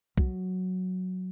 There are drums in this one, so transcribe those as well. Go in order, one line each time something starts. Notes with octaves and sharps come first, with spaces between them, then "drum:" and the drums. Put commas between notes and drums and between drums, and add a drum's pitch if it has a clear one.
F#3, drum: kick B1